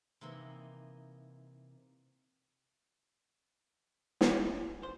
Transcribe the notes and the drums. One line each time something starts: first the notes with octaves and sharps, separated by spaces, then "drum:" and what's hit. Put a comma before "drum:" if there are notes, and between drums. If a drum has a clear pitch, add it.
C3 E3 A#3 D#4
F#5 G#5, drum: snare
C5